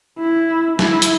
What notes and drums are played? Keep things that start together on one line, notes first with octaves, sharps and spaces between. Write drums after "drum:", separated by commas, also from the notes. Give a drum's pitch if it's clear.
E4
E4, drum: snare
drum: hi-hat